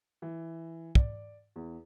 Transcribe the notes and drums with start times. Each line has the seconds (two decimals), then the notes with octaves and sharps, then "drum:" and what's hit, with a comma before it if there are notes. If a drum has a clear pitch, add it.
0.22 E3
0.95 D5, drum: kick
1.56 E2